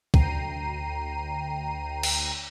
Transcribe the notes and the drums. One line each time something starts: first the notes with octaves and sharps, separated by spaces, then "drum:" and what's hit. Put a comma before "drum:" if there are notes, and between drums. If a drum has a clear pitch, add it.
D2 G5 A#5 C7 D#7, drum: kick
drum: cymbal